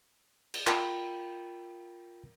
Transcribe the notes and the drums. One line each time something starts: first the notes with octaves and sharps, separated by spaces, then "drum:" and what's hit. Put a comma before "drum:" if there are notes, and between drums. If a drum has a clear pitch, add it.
drum: cymbal
F4 A#4 G5 B5, drum: clap